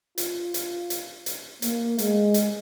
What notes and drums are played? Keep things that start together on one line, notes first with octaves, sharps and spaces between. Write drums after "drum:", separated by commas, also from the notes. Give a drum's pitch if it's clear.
F4, drum: hi-hat
drum: hi-hat
drum: hi-hat
drum: hi-hat
A#3, drum: hi-hat
G#3, drum: hi-hat
drum: hi-hat